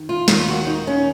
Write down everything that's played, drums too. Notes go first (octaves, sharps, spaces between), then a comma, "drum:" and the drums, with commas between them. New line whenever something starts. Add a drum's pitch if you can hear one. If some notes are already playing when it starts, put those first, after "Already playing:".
Already playing: F2 D#3
F4
D#2 D#3 F4, drum: snare
F#4
D#4
C#4